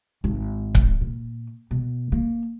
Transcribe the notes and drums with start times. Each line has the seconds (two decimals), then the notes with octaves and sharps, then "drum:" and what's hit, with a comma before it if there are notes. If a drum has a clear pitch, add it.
0.24 G#1
0.75 drum: kick C#1
1.01 A#2
1.71 B2
2.12 A#3